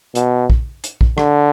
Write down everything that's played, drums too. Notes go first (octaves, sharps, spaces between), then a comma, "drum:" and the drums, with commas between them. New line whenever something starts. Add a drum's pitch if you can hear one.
B2, drum: hi-hat
drum: kick
drum: hi-hat
drum: kick
D3, drum: rim click